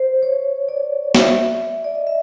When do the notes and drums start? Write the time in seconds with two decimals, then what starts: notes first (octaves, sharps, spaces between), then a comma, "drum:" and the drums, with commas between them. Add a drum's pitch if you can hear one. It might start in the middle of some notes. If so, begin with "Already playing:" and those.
Already playing: C5
0.23 C#5
0.69 D5
1.15 E5, drum: snare
1.84 D5
1.95 D#5
2.07 E5